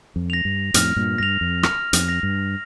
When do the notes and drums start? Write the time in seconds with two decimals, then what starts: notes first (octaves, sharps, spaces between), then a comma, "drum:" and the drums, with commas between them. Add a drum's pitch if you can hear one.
0.16 F2
0.30 A#6 F7
0.45 G2
0.74 F2 A2 F6, drum: hi-hat
0.96 G2 A#2
1.18 G2 A#6 F7
1.41 F2
1.63 F6, drum: rim click
1.93 F2, drum: hi-hat
2.09 A#6 F7
2.23 G2